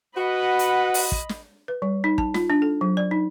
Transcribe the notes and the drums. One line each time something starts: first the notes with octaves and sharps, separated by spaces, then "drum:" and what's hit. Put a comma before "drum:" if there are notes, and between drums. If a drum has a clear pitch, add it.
F#4 B4 D#5 F#5 B5
drum: hi-hat
drum: open hi-hat
drum: kick
drum: snare
B4
G3
D#4
A5, drum: kick
F4, drum: snare
D4
A4
F#3
D5
D#4